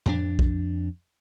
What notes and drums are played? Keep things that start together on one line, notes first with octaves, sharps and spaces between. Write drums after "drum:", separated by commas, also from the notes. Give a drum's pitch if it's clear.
F2 D4, drum: tom
drum: kick